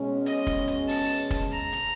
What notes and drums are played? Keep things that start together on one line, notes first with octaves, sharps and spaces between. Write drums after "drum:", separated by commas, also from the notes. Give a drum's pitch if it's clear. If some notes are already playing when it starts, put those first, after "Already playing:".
Already playing: B2 G#3 C#4
D#5, drum: hi-hat
drum: kick, hi-hat
drum: hi-hat
A5, drum: open hi-hat
drum: kick, hi-hat
A#5
drum: hi-hat